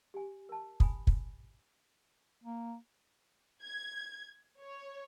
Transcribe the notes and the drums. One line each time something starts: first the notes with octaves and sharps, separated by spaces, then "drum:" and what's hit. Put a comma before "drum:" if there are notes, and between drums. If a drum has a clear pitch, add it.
G4 G#5
A#4 A5
G#5 B5 D#6, drum: kick
drum: kick
A#3
G#6
C#5